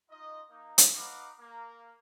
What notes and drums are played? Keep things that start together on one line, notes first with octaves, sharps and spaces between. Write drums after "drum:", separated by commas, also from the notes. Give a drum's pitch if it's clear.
D#4 F4 D#5
A#3 D#4
drum: hi-hat
D#4 B4 D#5 F5 F#5 D6
A#3